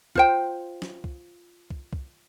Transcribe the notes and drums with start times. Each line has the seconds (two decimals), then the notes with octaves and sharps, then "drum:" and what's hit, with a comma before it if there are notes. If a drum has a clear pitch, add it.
0.15 F4 C5 G5, drum: kick
0.82 drum: snare
1.04 drum: kick
1.70 drum: kick
1.93 drum: kick